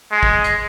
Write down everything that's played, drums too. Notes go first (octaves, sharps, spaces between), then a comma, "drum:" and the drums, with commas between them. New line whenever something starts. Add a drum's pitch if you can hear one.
G#3
drum: kick
drum: hi-hat